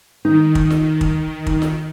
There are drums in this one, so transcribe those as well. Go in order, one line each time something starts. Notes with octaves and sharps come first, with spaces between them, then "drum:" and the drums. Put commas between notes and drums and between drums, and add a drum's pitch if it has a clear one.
D#3 D#4
drum: kick
drum: snare
drum: kick
drum: kick
drum: snare